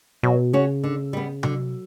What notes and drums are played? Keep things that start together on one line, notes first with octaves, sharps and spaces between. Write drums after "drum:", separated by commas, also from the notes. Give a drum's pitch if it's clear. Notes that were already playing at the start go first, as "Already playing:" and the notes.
B2 F#3
C#3 C#4 F#4 C#5
D3
G3 B3
D3 F#3, drum: tom C3